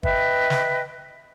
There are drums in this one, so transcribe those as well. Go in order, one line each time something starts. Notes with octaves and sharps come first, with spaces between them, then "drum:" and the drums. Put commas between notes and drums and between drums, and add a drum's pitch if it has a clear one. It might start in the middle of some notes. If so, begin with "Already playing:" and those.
B4 D#5 E5 G5, drum: kick
drum: snare